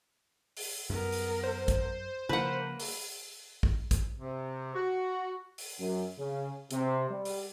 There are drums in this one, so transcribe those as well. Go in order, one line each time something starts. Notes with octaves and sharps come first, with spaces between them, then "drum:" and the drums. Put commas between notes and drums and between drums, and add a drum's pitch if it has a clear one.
drum: open hi-hat
F#2 G3 B3 A#4
drum: open hi-hat
C5
drum: kick, hi-hat
C#3 F3 G3 A#3 B4 F#5
drum: open hi-hat
drum: kick
drum: kick, hi-hat
C3
F#4
drum: open hi-hat
F#2
C#3
C3, drum: hi-hat
G3
drum: open hi-hat